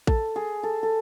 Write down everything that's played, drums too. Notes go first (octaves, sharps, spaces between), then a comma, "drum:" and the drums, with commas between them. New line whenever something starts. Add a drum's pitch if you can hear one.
A4, drum: kick A1
G#4
A4
A4